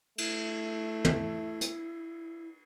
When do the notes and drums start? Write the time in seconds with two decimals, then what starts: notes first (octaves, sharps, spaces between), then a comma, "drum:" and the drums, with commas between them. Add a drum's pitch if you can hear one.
0.18 A3 E4, drum: cymbal
1.05 drum: tom
1.61 drum: hi-hat